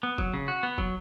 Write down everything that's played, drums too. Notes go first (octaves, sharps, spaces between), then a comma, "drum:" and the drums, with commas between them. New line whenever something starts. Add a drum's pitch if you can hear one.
B3
F#3, drum: kick
C#3
F#4
B3
F#3, drum: kick